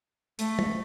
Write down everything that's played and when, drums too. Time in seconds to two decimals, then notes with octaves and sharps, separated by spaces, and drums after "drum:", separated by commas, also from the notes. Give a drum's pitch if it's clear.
0.39 A3, drum: hi-hat
0.59 drum: tom